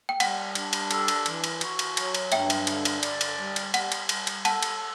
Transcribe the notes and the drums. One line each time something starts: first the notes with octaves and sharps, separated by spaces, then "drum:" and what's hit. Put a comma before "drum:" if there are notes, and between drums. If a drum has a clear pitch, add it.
G5
G3 F#5, drum: cymbal
D4, drum: cymbal
drum: cymbal
A4, drum: cymbal
drum: cymbal
E3, drum: cymbal
drum: cymbal
F#4, drum: cymbal
drum: cymbal
F#3, drum: cymbal
drum: cymbal
G2 E5 G5, drum: cymbal
drum: cymbal
D3, drum: cymbal
drum: cymbal
D5, drum: cymbal
drum: cymbal
G3
drum: cymbal
G3 F#5, drum: cymbal
drum: cymbal
G3, drum: cymbal
drum: cymbal
A4 F#5 A5, drum: cymbal
drum: cymbal